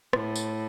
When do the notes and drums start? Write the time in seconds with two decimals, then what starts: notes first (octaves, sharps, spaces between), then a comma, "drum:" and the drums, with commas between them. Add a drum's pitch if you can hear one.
0.13 A2, drum: rim click
0.36 drum: tambourine